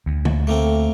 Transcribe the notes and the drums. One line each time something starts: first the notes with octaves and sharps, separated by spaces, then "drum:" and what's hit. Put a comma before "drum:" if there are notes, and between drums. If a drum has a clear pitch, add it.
D2
drum: tom D3
A3 A#3 C4